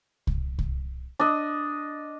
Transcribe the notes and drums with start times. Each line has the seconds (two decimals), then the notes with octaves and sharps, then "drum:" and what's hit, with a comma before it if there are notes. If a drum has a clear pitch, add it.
0.27 drum: kick C2
0.59 drum: kick C2
1.20 D4 D#5